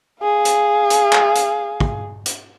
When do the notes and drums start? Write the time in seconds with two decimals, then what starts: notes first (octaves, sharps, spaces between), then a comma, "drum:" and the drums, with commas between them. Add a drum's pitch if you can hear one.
0.22 G#4 F5
0.45 drum: hi-hat
0.90 drum: hi-hat
1.13 drum: clap
1.35 drum: hi-hat
1.80 drum: kick
2.26 drum: hi-hat